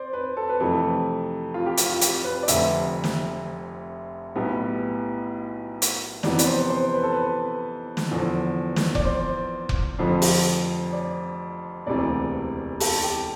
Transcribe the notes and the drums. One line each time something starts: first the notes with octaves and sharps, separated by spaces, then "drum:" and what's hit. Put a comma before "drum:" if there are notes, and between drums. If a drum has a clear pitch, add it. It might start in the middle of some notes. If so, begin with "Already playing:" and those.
Already playing: C5 D5
B4
A4
B4
F2 C3 E3 A3 A4
F4
G4
F4, drum: hi-hat
F4
G4, drum: hi-hat
B4
D5
F1 F2 D3 E5, drum: hi-hat
drum: snare
B1 A2 G3 B3
drum: hi-hat
F2 C3 E3 B3 D5, drum: snare
D5, drum: hi-hat
C5
C5
B4
A4
B4
drum: snare
E2 D3 F3
drum: snare
D5, drum: kick F1
C5
drum: kick F1
F1 F2 D3 F3
drum: open hi-hat
D5
E1 D2 C3 E3 D5
A4, drum: open hi-hat
G4